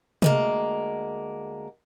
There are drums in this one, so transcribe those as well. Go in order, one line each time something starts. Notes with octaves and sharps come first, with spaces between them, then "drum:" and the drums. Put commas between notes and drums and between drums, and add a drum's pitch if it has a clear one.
D2 G#3 A#3, drum: tom C3